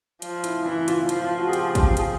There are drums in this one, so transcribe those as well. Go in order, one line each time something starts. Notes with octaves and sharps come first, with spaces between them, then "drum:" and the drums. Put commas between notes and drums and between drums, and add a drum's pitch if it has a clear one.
F3, drum: hi-hat
E4, drum: hi-hat
E3 E4
F4, drum: hi-hat
F3 F4, drum: hi-hat
F4
F#4
G#4
G4, drum: hi-hat
G4, drum: kick, hi-hat
G#4, drum: hi-hat